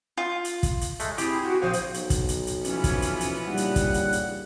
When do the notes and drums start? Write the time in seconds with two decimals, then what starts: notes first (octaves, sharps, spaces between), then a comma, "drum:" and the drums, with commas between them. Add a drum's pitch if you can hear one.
0.17 F4
0.45 drum: hi-hat
0.63 drum: kick, hi-hat
0.81 drum: hi-hat
1.00 G#3 A3, drum: hi-hat
1.18 C4 E4 G4 G#4, drum: hi-hat
1.43 F#4
1.62 A#1 G#4 C5 F5
1.73 drum: hi-hat
1.94 B1, drum: hi-hat
2.10 drum: kick, hi-hat
2.29 drum: hi-hat
2.47 drum: hi-hat
2.65 E3 F3 B3 C#4, drum: hi-hat
2.84 drum: kick, hi-hat
3.02 drum: hi-hat
3.21 drum: hi-hat
3.47 A#1 C#3 G3 D#4 F#5
3.57 drum: hi-hat
3.76 drum: kick, hi-hat
3.94 drum: hi-hat
4.13 drum: hi-hat